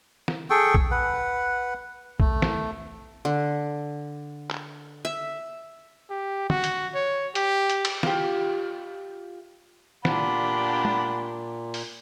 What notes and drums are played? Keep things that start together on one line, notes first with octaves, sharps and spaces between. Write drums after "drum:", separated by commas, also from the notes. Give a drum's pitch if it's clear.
drum: snare
G#4 A4 G5 C#6
drum: kick B1
B4 F#5
A3, drum: kick B1
drum: snare
D3
drum: clap
E5
G4
F#4, drum: tom
drum: hi-hat
C#5
G4, drum: hi-hat
drum: hi-hat
drum: cymbal
F4 G4, drum: snare
A#2 D4 G4 F5 F#5 B5, drum: snare
drum: tom
drum: open hi-hat